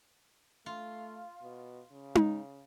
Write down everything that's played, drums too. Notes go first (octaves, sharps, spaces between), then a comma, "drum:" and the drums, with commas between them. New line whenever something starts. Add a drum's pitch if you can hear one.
A3 F4
B2
C#3
drum: tom D#4